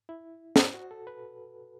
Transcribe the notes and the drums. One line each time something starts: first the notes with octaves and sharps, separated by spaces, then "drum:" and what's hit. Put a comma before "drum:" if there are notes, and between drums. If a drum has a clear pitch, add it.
E4
drum: snare
F#4
A4
B4